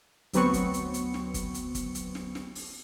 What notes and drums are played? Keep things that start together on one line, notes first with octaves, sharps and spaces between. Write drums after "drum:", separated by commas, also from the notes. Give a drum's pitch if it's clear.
D2 F#3 B3 C4 C#6 C#7, drum: hi-hat
drum: kick, hi-hat
drum: hi-hat
drum: hi-hat
drum: snare
drum: kick, hi-hat
drum: hi-hat
drum: kick, hi-hat
drum: hi-hat
drum: snare
drum: snare
drum: open hi-hat